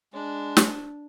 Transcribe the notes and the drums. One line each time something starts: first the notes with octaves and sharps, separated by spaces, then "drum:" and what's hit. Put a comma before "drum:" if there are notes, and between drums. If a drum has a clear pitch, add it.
G#3 D4
drum: snare